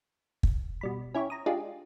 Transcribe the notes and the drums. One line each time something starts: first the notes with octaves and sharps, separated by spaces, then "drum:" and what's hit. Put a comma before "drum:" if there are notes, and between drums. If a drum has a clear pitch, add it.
drum: kick
B2 G3 B5
C#4 E4 G4 C#5
A#5 D#6
G#3 D4 D#4 F4 G4 G#4